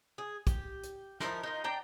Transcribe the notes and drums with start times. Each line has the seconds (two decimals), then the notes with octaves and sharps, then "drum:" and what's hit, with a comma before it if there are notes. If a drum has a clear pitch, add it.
0.18 G#4
0.47 G4, drum: kick, hi-hat
0.83 drum: hi-hat
1.20 F3 D#4 E4 A#4, drum: snare
1.43 D#4 F4 A#4
1.64 D4 G5 A#5